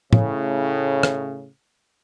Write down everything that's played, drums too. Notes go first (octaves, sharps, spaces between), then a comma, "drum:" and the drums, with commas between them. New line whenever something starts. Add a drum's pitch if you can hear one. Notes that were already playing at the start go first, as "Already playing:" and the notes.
A2 C#3, drum: tom
drum: rim click